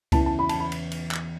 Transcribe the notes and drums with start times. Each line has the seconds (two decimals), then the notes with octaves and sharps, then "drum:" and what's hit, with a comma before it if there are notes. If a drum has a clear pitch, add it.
0.12 E2 C#3 E3 A5, drum: kick C#2, cymbal
0.26 A5
0.39 B5
0.49 A5, drum: cymbal
0.60 B5
0.72 drum: cymbal
0.92 drum: cymbal
1.11 drum: clap